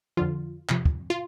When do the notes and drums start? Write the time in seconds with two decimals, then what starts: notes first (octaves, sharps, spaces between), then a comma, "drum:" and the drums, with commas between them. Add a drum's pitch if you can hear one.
0.17 F2 D3 F3 F4
0.69 F2 C3 F3, drum: clap
0.85 drum: kick
1.10 F4